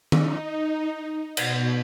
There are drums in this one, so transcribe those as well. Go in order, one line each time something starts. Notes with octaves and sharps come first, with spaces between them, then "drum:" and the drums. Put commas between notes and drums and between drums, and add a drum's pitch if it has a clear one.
D#4, drum: tom D#3
B2, drum: cymbal